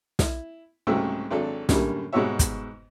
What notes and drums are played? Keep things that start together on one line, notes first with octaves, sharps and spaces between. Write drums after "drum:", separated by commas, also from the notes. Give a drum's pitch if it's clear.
E4, drum: snare
C2 G#2 C#3 F#3 A3 E6
G#1 F#3 D4 A4
F#2 A2 D3 G3 A#3, drum: snare
G#2 B2 G3 F#4 C#5 E5
drum: kick, hi-hat